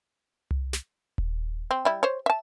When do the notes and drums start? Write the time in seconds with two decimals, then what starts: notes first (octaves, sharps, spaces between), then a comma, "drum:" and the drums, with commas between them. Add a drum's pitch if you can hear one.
0.51 drum: tom C2
0.73 drum: snare
1.18 drum: kick D#1
1.71 C4
1.85 G3 E4
2.03 C5 C#5
2.26 E5 A5